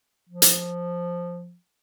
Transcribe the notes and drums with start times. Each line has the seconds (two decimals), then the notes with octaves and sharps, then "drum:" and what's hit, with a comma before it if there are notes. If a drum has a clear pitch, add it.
0.29 F3
0.42 drum: hi-hat